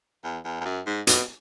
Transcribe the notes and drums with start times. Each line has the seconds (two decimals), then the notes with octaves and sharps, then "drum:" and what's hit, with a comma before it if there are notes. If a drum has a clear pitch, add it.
0.24 E2
0.44 E2
0.61 E2
0.66 F#2
0.86 G#2
1.07 B2, drum: hi-hat